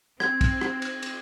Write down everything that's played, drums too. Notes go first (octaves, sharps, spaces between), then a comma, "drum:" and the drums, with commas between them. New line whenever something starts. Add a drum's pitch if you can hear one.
C4 G#6, drum: rim click
drum: kick, cymbal
drum: rim click
drum: cymbal
drum: cymbal